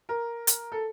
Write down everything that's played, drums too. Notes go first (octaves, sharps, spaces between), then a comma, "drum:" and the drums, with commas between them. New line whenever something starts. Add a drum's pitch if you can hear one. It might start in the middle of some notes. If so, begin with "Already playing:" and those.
A#4
drum: hi-hat
A4